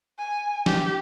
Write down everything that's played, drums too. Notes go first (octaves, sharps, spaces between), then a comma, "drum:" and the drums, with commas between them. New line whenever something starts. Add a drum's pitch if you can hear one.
G#5
G4, drum: snare